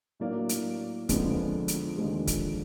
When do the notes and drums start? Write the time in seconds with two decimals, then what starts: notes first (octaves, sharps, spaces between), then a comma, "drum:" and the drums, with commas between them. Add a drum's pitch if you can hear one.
0.20 A2 F#3 A#3 D4
0.49 drum: hi-hat
1.09 F2 D3 F3 G#3 B3, drum: kick, hi-hat
1.68 drum: hi-hat
1.97 D#2 D3 F3 G#3
2.27 drum: kick, hi-hat